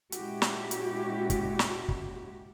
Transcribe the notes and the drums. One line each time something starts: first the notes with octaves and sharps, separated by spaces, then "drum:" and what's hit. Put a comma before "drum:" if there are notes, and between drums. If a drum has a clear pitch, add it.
A#2 G#3 C#4 E4 F#4 G4, drum: hi-hat
drum: snare
drum: hi-hat
drum: kick, hi-hat
drum: snare
drum: kick